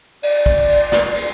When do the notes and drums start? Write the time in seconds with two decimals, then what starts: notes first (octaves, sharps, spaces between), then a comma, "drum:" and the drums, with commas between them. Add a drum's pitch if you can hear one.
0.23 D5, drum: cymbal
0.46 drum: kick
0.69 drum: cymbal
0.92 drum: snare
1.15 drum: cymbal